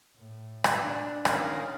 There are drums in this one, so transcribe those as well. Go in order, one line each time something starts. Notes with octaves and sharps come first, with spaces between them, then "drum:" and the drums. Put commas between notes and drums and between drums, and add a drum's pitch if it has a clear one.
A2
drum: rim click
D4
D#3 C#4 A#4 F5, drum: rim click